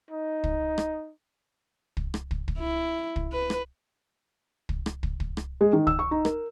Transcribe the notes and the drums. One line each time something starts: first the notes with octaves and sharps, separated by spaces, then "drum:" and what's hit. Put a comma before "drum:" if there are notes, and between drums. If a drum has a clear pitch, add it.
D#4
drum: kick
drum: rim click
drum: kick
drum: rim click
drum: kick
drum: kick
E4
drum: kick
B4
drum: rim click
drum: kick
drum: rim click
drum: kick
drum: kick
drum: rim click
G#3
D#3
E6, drum: kick
C#6
D#4
A#4, drum: rim click